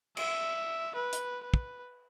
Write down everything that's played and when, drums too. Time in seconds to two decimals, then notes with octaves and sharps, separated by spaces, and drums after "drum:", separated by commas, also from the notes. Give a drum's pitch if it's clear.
0.17 E5, drum: cymbal
0.95 B4
1.13 drum: hi-hat
1.44 B4
1.54 drum: kick